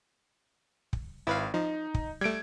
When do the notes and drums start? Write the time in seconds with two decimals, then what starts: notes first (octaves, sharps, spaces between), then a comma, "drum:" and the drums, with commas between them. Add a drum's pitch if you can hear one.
0.93 drum: kick
1.27 G#1 E4 B4 F5
1.54 F3 D#4
1.94 drum: kick
2.21 G3 A3 G#6 D7